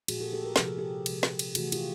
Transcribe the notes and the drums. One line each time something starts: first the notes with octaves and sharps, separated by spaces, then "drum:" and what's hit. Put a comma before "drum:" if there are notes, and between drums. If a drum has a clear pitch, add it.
A#2 F3 G#3 F#4 G#4, drum: cymbal
G4 A4
G4 A4
A#4
C3 F3 G#3 A4, drum: snare
G#4
G4 A4
C3 F3 G#3, drum: cymbal
drum: snare
drum: cymbal
C3 E3 A3 F#4 G#4, drum: cymbal
F4 G4, drum: cymbal